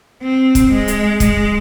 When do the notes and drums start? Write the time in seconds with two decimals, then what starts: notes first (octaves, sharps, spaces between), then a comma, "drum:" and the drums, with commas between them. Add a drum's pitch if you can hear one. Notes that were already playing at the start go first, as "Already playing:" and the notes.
0.23 C4
0.55 drum: kick, hi-hat
0.71 G#3
0.88 drum: hi-hat
1.20 G#3, drum: kick, hi-hat